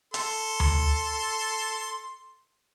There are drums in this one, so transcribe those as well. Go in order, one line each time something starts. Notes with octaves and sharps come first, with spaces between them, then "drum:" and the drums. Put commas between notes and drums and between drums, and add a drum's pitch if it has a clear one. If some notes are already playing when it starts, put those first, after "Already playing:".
A4 C6, drum: hi-hat
drum: tom D2